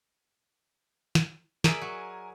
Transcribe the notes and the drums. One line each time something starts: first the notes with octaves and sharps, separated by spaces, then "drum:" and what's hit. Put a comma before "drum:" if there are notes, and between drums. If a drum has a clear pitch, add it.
drum: snare
G#4 A#4 D5 E5 G#5 F#7, drum: snare
F#3